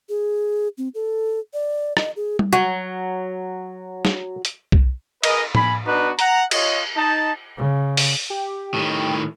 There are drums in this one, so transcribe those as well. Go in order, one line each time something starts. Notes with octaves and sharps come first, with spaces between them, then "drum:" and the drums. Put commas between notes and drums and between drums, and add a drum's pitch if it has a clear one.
G#4
C4
A4
D5
D#5, drum: rim click
G#4
drum: tom G3
F#3 F#4
drum: snare
drum: hi-hat
drum: kick
G#4 A#4 B4 D#5, drum: cymbal
G#5 B5, drum: tom A2
B3 D4 D#4 F#4 B4
F#5 A#5, drum: hi-hat
F4 C#5 D#5, drum: cymbal
D#4 A5
C#3
drum: open hi-hat
G4
A2 D#3